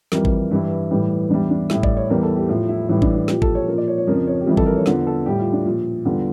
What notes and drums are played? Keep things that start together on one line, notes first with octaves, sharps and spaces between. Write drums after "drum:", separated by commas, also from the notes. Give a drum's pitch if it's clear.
F2 E3 G3 A#4, drum: snare
drum: kick
G2 E3 G3 E4
A2 E3 G3
E2 E3 G3 D4
D4
A2 G3 E4, drum: snare
D5, drum: kick
C#5
E2 E3 G3 A#4
A4
G4
A2 F3 F4
E4
A2 E3 G3 E4
D4, drum: kick
E4
A#2 F3 G4, drum: snare
A4, drum: kick
C#5
F3 A#4
A#2 D5
C#5
C#5
F2 C#3 F3 A#4
C#5
G4
F2 E3 G3 F4
A4, drum: kick
A#4
C#5
E2 D3 F3, drum: snare
A4
A2 G3 G4
F4
D4
A#2 F3
E2 D3 G3 F4